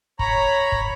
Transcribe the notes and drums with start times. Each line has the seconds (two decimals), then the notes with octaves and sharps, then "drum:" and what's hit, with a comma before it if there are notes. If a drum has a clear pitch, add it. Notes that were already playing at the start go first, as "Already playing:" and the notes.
0.19 C#5 A#5 B5, drum: kick
0.72 drum: kick